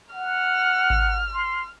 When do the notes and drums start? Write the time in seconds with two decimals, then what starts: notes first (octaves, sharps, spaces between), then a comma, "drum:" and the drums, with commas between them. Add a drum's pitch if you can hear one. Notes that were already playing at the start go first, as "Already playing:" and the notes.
0.14 F#5 F6
0.90 drum: kick G#1
1.32 C6